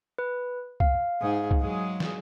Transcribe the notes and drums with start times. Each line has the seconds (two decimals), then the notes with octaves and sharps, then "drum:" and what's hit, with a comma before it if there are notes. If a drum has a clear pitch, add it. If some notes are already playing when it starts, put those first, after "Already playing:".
0.18 B4
0.80 F5, drum: kick C2
1.21 G#2 G#4
1.51 drum: kick C2
1.60 F#3 G#3 G#4
2.00 drum: snare